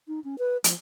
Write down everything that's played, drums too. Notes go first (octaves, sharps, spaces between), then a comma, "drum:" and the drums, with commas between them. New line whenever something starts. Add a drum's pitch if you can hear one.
D#4
C#4
B4
F3, drum: hi-hat